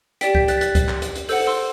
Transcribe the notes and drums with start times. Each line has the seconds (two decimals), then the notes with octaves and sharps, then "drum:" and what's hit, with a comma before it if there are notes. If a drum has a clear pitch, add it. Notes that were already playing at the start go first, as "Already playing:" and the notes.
0.21 G4 D5 G5 B6 D7, drum: hi-hat
0.35 G6 B6, drum: kick C#2
0.48 F#6 A6, drum: hi-hat
0.57 B6
0.61 F#6 A6, drum: hi-hat
0.75 drum: kick C#2, hi-hat
0.88 drum: clap
1.02 drum: hi-hat
1.15 drum: hi-hat
1.29 A4 C5 F#5 E6 G6, drum: open hi-hat
1.47 C6 E6